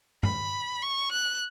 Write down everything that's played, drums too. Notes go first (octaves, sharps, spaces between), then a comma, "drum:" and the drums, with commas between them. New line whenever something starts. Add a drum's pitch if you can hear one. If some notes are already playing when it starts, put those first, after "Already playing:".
B5, drum: tom G2
C#6
F#6